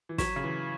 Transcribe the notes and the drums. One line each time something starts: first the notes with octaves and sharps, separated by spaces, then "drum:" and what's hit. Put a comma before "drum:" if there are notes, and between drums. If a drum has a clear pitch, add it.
E3
F#3 C#6 G#6 B6 E7, drum: snare
C#3
E3